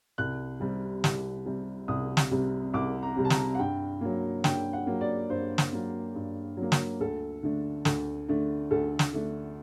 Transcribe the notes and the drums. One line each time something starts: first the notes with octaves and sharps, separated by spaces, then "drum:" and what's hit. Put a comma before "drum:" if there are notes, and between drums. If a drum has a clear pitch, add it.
C2 F#6
C3 G3 C4
C2, drum: snare
C3 G3 C4
C2 D#6
drum: snare
C3 G3 C4
C2 D6
A#5
C3 G3 C4
A5
A#5, drum: snare
F#5
G2 G5
F#3 A#3
G2 G5, drum: snare
F#5
F#3 A#3
D5
G2 C5
drum: snare
F#3 A#3
G2
F#3
A#3
drum: snare
D2 A4
D3 A3 D4
D2, drum: snare
D3 A3 D4
D2 A4
drum: snare
D3 A3 D4